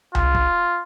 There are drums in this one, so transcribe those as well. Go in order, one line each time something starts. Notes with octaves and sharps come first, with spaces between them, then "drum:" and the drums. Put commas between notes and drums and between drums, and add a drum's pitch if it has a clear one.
F4, drum: tom C2
drum: kick